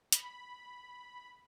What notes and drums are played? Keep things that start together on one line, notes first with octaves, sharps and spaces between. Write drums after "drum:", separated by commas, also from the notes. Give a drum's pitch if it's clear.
B5, drum: hi-hat